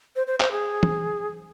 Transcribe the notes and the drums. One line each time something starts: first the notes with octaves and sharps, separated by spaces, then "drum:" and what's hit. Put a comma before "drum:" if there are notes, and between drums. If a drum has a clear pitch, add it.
C5
C5
C5, drum: clap
G#4
drum: tom